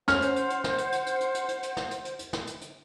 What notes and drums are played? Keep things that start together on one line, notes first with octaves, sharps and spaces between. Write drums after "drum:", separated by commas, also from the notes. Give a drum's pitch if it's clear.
C#4 C5 F#5 F6, drum: snare
drum: hi-hat
drum: hi-hat
drum: hi-hat
drum: snare
drum: hi-hat
drum: hi-hat
drum: hi-hat
drum: hi-hat
drum: hi-hat
drum: hi-hat
drum: hi-hat
drum: snare
drum: hi-hat
drum: hi-hat
drum: hi-hat
drum: snare
drum: hi-hat
drum: hi-hat